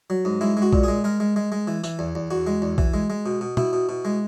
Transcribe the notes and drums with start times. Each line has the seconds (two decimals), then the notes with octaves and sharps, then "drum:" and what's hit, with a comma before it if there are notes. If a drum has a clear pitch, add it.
0.10 F#3
0.25 G#2
0.41 G#3 E4
0.57 G#3
0.62 F#4
0.73 A#2, drum: kick
0.84 G#3 G#4
1.04 G#3 A#4
1.20 G#3
1.36 G#3
1.52 G#3
1.67 E3
1.84 E3, drum: tambourine
1.99 E2
2.15 E2
2.31 E2 F#4
2.47 G#3
2.62 E2
2.78 E3, drum: kick
2.94 G#3
3.10 G#3
3.26 B2
3.41 B2
3.57 B2 E4, drum: tom
3.73 B2
3.89 B2
4.05 G#3